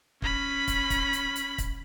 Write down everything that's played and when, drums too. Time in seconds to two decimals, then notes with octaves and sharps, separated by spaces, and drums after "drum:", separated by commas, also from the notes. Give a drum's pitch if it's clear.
0.22 C#4 B5, drum: kick
0.68 drum: kick, hi-hat
0.90 drum: kick, hi-hat
1.13 drum: hi-hat
1.36 drum: hi-hat
1.58 drum: kick, hi-hat